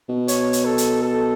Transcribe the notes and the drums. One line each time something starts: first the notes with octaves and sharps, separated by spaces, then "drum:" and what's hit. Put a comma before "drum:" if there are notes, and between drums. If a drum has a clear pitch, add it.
B2
C#5, drum: hi-hat
drum: hi-hat
A4
drum: hi-hat
A4